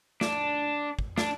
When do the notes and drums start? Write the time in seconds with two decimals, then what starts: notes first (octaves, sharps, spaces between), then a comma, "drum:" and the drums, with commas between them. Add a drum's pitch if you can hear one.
0.21 D4, drum: snare
0.99 drum: kick
1.18 D4, drum: snare